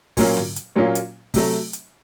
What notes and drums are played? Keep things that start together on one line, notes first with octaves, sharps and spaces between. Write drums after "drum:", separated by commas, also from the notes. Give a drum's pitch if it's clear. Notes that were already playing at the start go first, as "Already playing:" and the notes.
A#2 F#3 A#3 C#4 F4, drum: kick, open hi-hat
drum: tom
drum: hi-hat
A#2 F#3 A#3 C#4 F4
drum: hi-hat
C3 F#3 A3, drum: kick, open hi-hat
drum: hi-hat